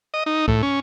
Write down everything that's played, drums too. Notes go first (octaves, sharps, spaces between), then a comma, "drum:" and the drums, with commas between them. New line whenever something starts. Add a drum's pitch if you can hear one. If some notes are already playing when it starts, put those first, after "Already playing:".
D#5
D#4
A2, drum: kick C2
C#4